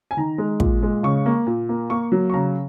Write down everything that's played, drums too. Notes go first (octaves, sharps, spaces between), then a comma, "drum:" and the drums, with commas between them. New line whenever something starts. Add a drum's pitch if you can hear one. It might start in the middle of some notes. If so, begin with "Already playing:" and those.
G#5
D#3 A#5
G#3
A#2, drum: kick
G#3
C#3 C#6
A#3
A#2
A#3
A#3 C#6
F#3
C#6
C#3 A#5